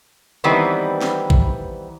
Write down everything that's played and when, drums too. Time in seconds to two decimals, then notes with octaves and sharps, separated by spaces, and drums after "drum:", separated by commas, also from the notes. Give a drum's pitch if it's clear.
0.44 D#3 E3 G3 B3 C4
1.01 drum: snare
1.30 drum: kick